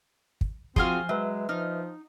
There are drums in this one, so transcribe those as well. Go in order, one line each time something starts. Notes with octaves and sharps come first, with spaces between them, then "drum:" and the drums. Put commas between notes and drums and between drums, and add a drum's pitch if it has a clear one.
drum: kick
F3 C4 F4 F#4 G#4 C5 G#5 F6, drum: kick
F#3 G#3 B4 E5
F3 D#4 F6